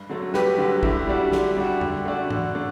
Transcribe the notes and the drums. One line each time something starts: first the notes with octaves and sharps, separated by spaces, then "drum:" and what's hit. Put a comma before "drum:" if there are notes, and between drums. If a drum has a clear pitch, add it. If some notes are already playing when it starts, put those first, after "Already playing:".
Already playing: G2
D3 F#3 A3
G2 G4 B4, drum: snare
D3 F#3 A3
D3 E4 G4, drum: kick
G3 D4 F#4
D3, drum: snare
G3 D4 F#4
D3, drum: tom F2
A3 D4 F#4
D3, drum: tom
A3 D4